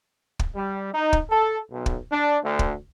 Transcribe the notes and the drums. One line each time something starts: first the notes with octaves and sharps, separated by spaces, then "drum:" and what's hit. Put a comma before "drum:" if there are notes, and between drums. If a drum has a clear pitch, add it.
drum: kick
G3
D#4
drum: kick
A4
B1
drum: kick
D4
D2
drum: kick